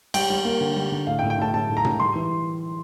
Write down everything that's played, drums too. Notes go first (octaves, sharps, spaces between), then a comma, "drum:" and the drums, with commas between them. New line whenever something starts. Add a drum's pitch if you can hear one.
G3 G5, drum: cymbal
G3
A#3
D3
G3
D3
A2 F5
G5
A2
G5
A2 A5
A2 A5
A2
A#5
A2, drum: tom
G3 C6
E3